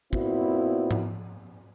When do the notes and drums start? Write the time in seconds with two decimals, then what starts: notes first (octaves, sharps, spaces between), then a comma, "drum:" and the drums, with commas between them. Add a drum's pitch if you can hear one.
0.13 A#2 B3 C4 E4 F#4, drum: kick
0.91 drum: tom G#2